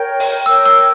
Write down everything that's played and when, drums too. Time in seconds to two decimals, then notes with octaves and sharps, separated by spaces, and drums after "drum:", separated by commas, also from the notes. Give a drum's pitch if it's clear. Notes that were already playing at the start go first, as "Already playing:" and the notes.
Already playing: A#4 C#5 G5
0.20 drum: open hi-hat
0.46 A#4 C#5 G5 E6
0.66 E6